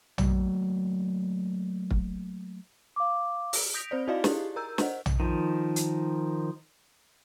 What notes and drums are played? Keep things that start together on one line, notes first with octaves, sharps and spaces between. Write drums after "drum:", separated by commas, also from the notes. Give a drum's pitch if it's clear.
F#3 A3 A#3, drum: tom
drum: kick
F5 D6
drum: open hi-hat
D#6 G6 A#6 B6 D7 F7
C4 C5 D5
D#4 E4 F#4 D5 D#5 F5
E4 G4 G#4, drum: snare
A#4 A#5 E6 G6
C5 D#5 F#5, drum: snare
drum: tom
D#3 F3
drum: hi-hat